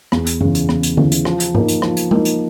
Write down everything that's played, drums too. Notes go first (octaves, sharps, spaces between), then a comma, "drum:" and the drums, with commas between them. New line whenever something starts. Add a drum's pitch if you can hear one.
E2, drum: rim click
drum: hi-hat
C#3 E3, drum: tom F#2
drum: hi-hat
E2, drum: rim click
drum: hi-hat
C#3 E3, drum: tom D3
drum: hi-hat
F3, drum: rim click
drum: hi-hat
A#3 D#4, drum: tom G#2
drum: hi-hat
F3, drum: rim click
drum: hi-hat
A#3 D#4, drum: tom G#3
drum: hi-hat